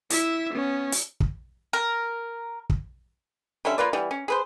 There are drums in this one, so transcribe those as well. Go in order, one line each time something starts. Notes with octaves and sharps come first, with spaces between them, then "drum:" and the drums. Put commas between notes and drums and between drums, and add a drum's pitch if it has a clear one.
E4 E5, drum: hi-hat
B3 C#4
drum: hi-hat
drum: kick
A#4
drum: kick
D3 G3 C#4 E5
A#3 F4 B4 D5
E3 G3 B3
C#4
G#4 B4 C5